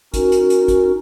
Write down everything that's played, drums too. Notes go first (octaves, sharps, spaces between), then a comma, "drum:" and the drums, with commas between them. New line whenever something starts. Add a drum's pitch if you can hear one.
C#4 D#4 F#4 A#4, drum: kick, hi-hat
drum: hi-hat
drum: hi-hat
drum: kick, hi-hat